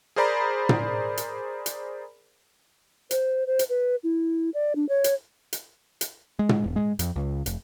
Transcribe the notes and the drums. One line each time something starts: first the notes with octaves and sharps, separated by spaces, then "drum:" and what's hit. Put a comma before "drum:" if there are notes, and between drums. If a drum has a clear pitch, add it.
G#4 A#4 C5 D5 A#5 B5
drum: tom
drum: hi-hat
drum: hi-hat
C5, drum: hi-hat
C5
drum: hi-hat
B4
E4
D5
D4
C#5
drum: hi-hat
drum: hi-hat
drum: hi-hat
G#3
drum: tom
E1
G#3
F2, drum: hi-hat
C#2
F1, drum: hi-hat